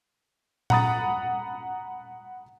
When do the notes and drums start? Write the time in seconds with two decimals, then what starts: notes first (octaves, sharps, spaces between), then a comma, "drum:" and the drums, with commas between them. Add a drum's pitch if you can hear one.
0.70 F#5 A#5 B5 D#6 A6, drum: tom A#2